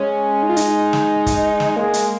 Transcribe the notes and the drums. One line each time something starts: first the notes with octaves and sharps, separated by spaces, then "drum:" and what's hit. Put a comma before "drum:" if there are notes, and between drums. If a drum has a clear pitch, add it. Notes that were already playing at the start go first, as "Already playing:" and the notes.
Already playing: G#3 C#4
D#4
F4
D#4, drum: hi-hat
drum: snare
drum: kick, hi-hat
drum: snare
G#3 A#3
drum: hi-hat